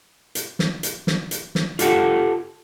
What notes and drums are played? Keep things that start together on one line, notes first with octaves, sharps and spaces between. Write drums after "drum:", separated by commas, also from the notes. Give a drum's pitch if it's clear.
drum: hi-hat
drum: snare
drum: hi-hat
drum: snare
drum: hi-hat
drum: snare
F4 G4 A4 F#5, drum: hi-hat